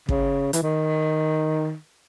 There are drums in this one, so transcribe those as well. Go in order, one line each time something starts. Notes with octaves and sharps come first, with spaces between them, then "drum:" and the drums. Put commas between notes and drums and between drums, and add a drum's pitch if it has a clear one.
C#3, drum: kick
E3, drum: hi-hat
D#3